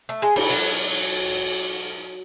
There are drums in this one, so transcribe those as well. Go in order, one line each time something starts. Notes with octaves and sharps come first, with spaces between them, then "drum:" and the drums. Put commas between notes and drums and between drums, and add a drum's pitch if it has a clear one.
A3
G#3
G3, drum: cymbal
F#3, drum: hi-hat